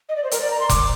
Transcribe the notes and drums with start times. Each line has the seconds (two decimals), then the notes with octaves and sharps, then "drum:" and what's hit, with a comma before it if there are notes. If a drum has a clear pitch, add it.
0.09 D#5
0.16 D5
0.24 C5
0.31 A#4, drum: hi-hat
0.41 D5
0.51 A#5
0.60 C6
0.69 D6, drum: kick F1, hi-hat